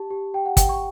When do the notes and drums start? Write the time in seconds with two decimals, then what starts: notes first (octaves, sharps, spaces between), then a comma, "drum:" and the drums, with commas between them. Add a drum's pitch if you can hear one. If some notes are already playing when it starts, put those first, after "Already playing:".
Already playing: G4 A5
0.10 G4
0.34 G4 G5
0.46 F#5
0.57 G4 G5, drum: kick, hi-hat
0.69 C#6